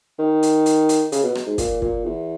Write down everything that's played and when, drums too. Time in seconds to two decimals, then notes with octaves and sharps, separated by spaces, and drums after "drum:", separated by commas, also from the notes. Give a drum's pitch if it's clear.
0.19 D#3
0.43 drum: hi-hat
0.66 drum: hi-hat
0.89 drum: hi-hat
1.12 C#3, drum: hi-hat
1.24 B2
1.35 drum: rim click
1.47 G#2
1.58 A#2, drum: kick, hi-hat
1.82 A#2, drum: kick
2.05 E2